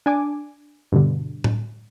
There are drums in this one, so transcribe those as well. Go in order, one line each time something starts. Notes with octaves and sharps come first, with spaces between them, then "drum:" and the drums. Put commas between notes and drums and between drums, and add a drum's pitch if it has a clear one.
D4 G#5 D6
G2 B2 D3
drum: tom A2